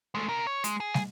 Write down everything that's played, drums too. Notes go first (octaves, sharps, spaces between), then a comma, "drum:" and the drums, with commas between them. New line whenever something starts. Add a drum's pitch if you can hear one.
G#3 A3
C3 A#4
C#5
G#3, drum: hi-hat
G#4
drum: snare